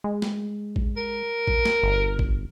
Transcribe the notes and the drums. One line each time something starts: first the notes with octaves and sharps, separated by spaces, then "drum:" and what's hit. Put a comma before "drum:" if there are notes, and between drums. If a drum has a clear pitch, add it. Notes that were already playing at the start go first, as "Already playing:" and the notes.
G#3
drum: snare
drum: kick A1
A#4
drum: kick A1
drum: snare
G1
drum: kick A1